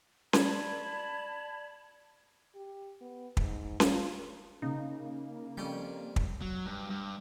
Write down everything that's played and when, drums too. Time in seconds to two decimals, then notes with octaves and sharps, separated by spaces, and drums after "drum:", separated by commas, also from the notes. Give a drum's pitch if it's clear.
0.33 D5 A5 B5 G#6, drum: snare C#4
2.55 G4
3.01 B3
3.37 G#2, drum: kick
3.80 F4, drum: snare C#4
4.62 C#3 A#3 D#4
5.57 F2 G3 C#4 G5
6.16 drum: kick
6.42 F#3
6.66 G2
6.90 G2